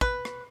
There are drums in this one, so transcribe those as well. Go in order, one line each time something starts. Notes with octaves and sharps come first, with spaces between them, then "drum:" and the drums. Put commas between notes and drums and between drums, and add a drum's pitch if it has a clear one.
B4, drum: kick
drum: rim click